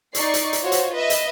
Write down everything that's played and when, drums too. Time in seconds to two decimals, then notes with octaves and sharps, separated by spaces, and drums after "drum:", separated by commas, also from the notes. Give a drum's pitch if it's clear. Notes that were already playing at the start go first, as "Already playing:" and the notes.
0.15 D#4 D5 C#6 C7, drum: hi-hat
0.34 drum: hi-hat
0.53 drum: hi-hat
0.62 F4 F#4 C5 C#5
0.72 drum: hi-hat
0.95 B4 D#5 E5
1.10 drum: hi-hat